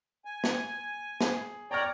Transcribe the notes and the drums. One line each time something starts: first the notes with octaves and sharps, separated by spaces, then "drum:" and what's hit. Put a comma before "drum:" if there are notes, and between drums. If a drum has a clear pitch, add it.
G#5
drum: snare
G#4, drum: snare
C#5 D5 G5 A#5 F6